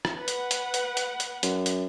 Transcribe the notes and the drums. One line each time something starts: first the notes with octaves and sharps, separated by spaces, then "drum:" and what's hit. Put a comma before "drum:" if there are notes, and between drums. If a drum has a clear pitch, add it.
drum: rim click
B4 F#5
drum: hi-hat
drum: hi-hat
drum: hi-hat
drum: hi-hat
drum: hi-hat
F#2, drum: hi-hat
drum: hi-hat